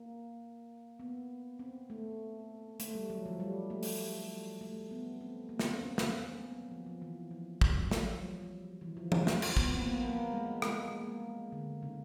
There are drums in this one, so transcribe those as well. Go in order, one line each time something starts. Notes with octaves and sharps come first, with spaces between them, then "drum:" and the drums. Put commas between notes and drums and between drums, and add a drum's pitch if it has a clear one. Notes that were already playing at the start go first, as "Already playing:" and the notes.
Already playing: A#3
B3
C4
A3
A3, drum: hi-hat
G3
F#3
F3
G3
A3
drum: open hi-hat
A3
B3
C4
A#3
B3, drum: snare
C4
C#4
drum: snare
C4
B3
F#3
F3
F3
E3
F3
F#3, drum: kick
G3
F#3, drum: snare
F3
E3
F3
G3, drum: tom E3
F3, drum: snare
F3, drum: cymbal
B3, drum: kick
C4
A#3
B3
A#3
G#3
G#3, drum: rim click
A#3
D3
C#3